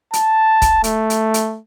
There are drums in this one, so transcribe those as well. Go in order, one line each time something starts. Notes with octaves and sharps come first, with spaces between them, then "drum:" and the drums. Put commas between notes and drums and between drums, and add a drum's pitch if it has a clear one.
A5, drum: hi-hat
drum: kick, hi-hat
A3, drum: hi-hat
drum: hi-hat
drum: hi-hat